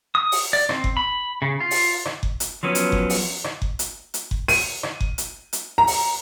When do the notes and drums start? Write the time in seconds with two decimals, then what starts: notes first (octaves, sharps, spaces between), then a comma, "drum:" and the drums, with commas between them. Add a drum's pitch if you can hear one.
0.15 D#6
0.32 drum: open hi-hat
0.53 D5
0.69 C4, drum: rim click
0.84 drum: kick F#1
0.97 B5
1.42 C#3
1.60 F4
1.71 drum: open hi-hat
2.05 drum: rim click
2.23 drum: kick F#1
2.40 drum: hi-hat
2.63 F3 F#3 B3 C#4
2.75 drum: hi-hat
2.92 drum: kick F#1
3.10 drum: open hi-hat
3.44 drum: rim click
3.62 drum: kick F#1
3.79 drum: hi-hat
4.14 drum: hi-hat
4.31 drum: kick F#1
4.48 D#7, drum: open hi-hat
4.83 drum: rim click
5.01 drum: kick F#1
5.18 drum: hi-hat
5.53 drum: hi-hat
5.78 A#5
5.87 drum: open hi-hat